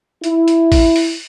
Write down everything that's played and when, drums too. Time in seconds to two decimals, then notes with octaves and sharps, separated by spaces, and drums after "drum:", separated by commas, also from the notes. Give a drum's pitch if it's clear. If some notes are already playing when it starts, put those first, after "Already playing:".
0.24 E4, drum: hi-hat
0.48 drum: hi-hat
0.72 drum: kick, open hi-hat
0.96 drum: open hi-hat